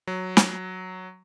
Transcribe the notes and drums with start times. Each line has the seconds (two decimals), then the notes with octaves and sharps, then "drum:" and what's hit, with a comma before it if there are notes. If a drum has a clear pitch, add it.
0.07 F#3
0.37 drum: snare